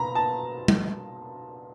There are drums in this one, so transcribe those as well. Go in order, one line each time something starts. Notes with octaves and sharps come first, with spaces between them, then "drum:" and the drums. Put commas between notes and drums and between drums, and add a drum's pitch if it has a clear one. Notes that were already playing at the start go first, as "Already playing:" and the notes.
Already playing: B2 A#5 B5
A5
drum: tom G3